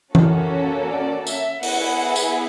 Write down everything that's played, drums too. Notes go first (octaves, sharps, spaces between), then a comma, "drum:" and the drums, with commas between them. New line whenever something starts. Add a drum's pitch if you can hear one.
A#3 C#4 F#4 A4, drum: tom E3
D5
E5, drum: tambourine
B3 E4 G#4 F#5, drum: open hi-hat
drum: tambourine